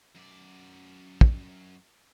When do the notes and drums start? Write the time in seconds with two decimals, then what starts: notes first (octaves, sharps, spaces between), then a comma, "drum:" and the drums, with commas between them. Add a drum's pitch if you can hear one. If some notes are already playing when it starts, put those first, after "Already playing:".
0.16 F#2 D5
1.21 drum: kick